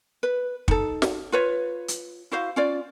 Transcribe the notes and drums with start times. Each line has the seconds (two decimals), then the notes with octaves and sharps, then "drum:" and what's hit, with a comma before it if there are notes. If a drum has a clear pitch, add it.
0.23 B4
0.68 D#4 A4, drum: kick
1.02 drum: snare
1.32 F4 B4 C#5
1.88 drum: hi-hat
2.31 E4 F#4 C5 F5
2.56 C#4 F4 D5